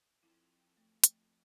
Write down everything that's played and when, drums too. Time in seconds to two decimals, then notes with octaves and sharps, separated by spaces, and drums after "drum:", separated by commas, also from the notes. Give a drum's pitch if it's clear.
0.23 F3 C4 E4 F4 A4
0.77 A3
1.04 A3, drum: hi-hat